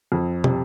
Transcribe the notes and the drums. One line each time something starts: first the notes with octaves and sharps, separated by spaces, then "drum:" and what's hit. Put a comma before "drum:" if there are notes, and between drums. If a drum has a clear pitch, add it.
F2
C3, drum: tom